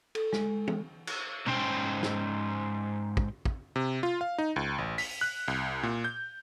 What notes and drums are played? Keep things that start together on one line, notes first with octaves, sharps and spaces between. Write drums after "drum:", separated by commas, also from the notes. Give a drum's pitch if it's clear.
A4, drum: cymbal
G#3, drum: snare
drum: tom
drum: cymbal
G#2 C#4 C5 G5, drum: tom B2
drum: snare
drum: kick
drum: kick
C3
F4
F5
D#4
C#2
A1
B6, drum: open hi-hat
F#6
C2
A#2
G6